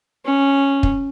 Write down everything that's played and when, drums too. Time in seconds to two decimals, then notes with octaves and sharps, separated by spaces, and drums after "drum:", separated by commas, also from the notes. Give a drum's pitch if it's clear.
0.25 C#4
0.83 drum: kick